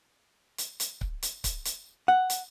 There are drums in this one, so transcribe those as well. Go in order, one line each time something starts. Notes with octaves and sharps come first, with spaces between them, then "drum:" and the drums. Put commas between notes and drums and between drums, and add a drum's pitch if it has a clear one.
drum: hi-hat
drum: hi-hat
drum: kick C#1
drum: hi-hat
drum: kick C#1, hi-hat
drum: hi-hat
F#5
drum: hi-hat